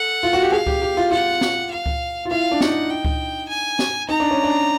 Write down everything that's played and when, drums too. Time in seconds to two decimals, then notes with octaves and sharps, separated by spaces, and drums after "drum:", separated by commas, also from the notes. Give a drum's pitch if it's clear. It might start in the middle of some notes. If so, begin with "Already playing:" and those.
Already playing: A4 F#5
0.23 F4
0.33 F#4
0.42 G4
0.52 G#4 F5
0.67 G4, drum: kick C#2
0.82 G4
0.97 F4
1.11 F4 F#5
1.41 drum: snare
1.70 F5
1.86 drum: kick C#2
2.25 F4
2.30 E4 F5
2.51 D4
2.61 D#4 F#5, drum: snare
2.90 G5
3.05 drum: kick C#2
3.49 G#5
3.79 drum: snare
4.09 D#4 A#5
4.20 D4
4.31 C#4
4.43 D4